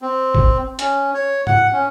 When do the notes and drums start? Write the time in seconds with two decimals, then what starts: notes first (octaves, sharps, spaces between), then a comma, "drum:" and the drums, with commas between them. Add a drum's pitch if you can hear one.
0.02 C4
0.35 drum: kick
0.79 C#4, drum: hi-hat
1.14 C#5
1.47 F#5, drum: tom
1.73 C#4